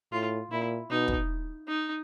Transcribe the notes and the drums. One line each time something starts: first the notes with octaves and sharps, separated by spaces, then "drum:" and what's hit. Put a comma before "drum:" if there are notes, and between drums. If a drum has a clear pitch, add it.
A2 F4
A#2 E4
B2 D#4
drum: kick
D#4